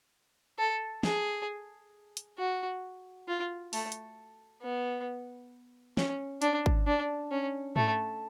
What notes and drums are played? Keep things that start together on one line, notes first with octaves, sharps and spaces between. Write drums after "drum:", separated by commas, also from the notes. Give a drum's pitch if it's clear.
A4
G#4, drum: snare
drum: hi-hat
F#4
F4
A3, drum: open hi-hat
drum: hi-hat
B3
C#4, drum: snare
D4, drum: hi-hat
drum: kick
D4
C#4
A3, drum: tom G#2